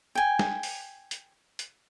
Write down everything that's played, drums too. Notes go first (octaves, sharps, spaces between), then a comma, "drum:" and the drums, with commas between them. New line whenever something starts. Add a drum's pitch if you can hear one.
G5 G#5
drum: snare
drum: open hi-hat
drum: hi-hat
drum: hi-hat